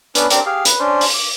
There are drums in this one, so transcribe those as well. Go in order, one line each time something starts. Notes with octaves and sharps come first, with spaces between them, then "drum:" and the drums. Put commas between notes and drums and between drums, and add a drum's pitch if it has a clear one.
B3 C#4 D4 B4, drum: hi-hat
C4 D4 G4 A#4, drum: hi-hat
G4 G#4 F5
B4, drum: hi-hat
C#4 D4 C5
drum: open hi-hat
D6